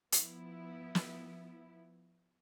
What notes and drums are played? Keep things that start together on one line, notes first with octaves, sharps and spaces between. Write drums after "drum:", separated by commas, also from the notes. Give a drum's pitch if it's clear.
F3 B3 E4, drum: hi-hat
drum: snare